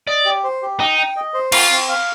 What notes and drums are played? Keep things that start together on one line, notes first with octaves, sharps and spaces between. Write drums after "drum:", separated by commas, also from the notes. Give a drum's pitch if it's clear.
D5 D#5
G4
C5
G4
D#4 G5
G5
D#5
C5
C4 F4, drum: cymbal
C4
F5